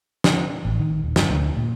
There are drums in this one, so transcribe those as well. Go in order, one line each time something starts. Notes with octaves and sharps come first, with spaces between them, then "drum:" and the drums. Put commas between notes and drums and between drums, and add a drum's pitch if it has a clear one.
drum: snare
A1
D#3
D#1
G2, drum: snare
D2
A#2